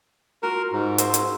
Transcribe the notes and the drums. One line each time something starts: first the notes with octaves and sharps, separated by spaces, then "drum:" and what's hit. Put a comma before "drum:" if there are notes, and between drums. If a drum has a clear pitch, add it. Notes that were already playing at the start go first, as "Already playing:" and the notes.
F4 F#4 A#4
G#2
A#4 C5 E5, drum: hi-hat
drum: hi-hat